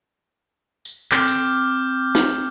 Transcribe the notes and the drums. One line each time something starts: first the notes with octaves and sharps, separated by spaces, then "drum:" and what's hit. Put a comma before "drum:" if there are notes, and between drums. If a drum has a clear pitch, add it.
drum: tambourine
C4 D6 F6 G6, drum: clap
drum: tambourine
drum: snare